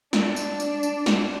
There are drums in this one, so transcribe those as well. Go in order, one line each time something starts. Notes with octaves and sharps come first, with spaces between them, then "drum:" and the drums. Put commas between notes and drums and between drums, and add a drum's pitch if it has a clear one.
D4, drum: snare
drum: tambourine
drum: tambourine
drum: tambourine
drum: snare